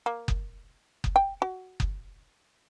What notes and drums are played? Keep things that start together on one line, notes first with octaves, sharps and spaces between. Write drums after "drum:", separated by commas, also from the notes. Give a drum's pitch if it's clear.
A#3
drum: kick F#1
drum: kick F#1
G5
F#4
drum: kick F#1